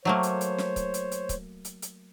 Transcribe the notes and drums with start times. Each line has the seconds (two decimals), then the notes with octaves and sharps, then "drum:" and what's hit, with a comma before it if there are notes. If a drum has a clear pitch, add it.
0.05 F#3 A3 A#3 C5 C#5
0.23 drum: hi-hat
0.41 drum: hi-hat
0.58 drum: snare
0.76 drum: kick C#1, hi-hat
0.94 drum: hi-hat
1.11 drum: hi-hat
1.29 drum: kick C#1, hi-hat
1.65 drum: hi-hat
1.82 drum: hi-hat